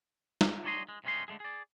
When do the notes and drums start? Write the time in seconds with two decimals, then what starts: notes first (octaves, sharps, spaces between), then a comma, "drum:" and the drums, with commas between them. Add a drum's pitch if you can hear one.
0.41 drum: snare
0.64 G3 D4 C#5 D#5 C6
0.89 G#3
1.04 G2 C3 G#3 C#4 D#4 C6
1.28 D3 G#3 A3 G#4
1.40 G#4 D5